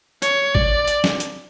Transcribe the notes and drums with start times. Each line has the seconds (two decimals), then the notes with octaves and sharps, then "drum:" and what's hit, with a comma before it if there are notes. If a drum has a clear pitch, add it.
0.22 C#5, drum: hi-hat
0.55 D5, drum: kick G#1
0.87 drum: hi-hat
1.04 drum: snare
1.20 drum: hi-hat